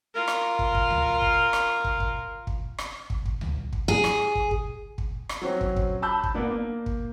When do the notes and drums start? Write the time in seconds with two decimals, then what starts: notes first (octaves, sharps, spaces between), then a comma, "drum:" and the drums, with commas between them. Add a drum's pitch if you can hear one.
0.15 F4 A#4
0.28 drum: rim click
0.59 drum: kick
0.75 drum: kick
0.90 drum: tom C#2
1.22 drum: kick
1.53 drum: rim click
1.84 drum: kick
2.00 drum: kick
2.47 drum: kick
2.78 drum: rim click
3.10 drum: kick
3.26 drum: kick
3.41 drum: tom C#2
3.73 drum: kick
3.88 G#4
4.04 drum: rim click
4.35 drum: kick
4.51 drum: kick
4.98 drum: kick
5.29 drum: rim click
5.41 F#3 C4 C#4
5.61 drum: kick
5.76 drum: kick
6.02 A5 B5 E6 G6
6.23 drum: kick
6.34 A#3 B3 D4
6.50 A#3
6.86 drum: kick